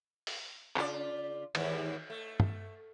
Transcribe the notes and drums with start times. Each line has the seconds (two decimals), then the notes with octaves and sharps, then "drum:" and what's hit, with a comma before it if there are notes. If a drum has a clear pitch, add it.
0.27 drum: open hi-hat
0.76 C#3 F4 D5, drum: clap
1.55 D#2 G#2 E3, drum: cymbal
2.10 A3
2.40 drum: tom